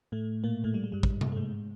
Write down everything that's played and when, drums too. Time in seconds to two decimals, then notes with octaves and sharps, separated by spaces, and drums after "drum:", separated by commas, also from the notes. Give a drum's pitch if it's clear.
0.12 A2 A3
0.44 A#2 A#3
0.64 A2 A3
0.74 G3
0.84 G#3
0.92 G2 G3
1.03 drum: kick
1.21 drum: tom C3
1.32 A3
1.36 G#2 G#3